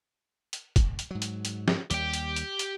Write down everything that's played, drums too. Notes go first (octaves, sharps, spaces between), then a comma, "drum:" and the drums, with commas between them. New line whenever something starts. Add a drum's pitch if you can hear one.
drum: hi-hat
drum: kick, hi-hat
drum: hi-hat
G#2 F#3
drum: hi-hat
drum: hi-hat
drum: snare
D#2 G3 G4 G5, drum: hi-hat
drum: hi-hat
drum: hi-hat
drum: hi-hat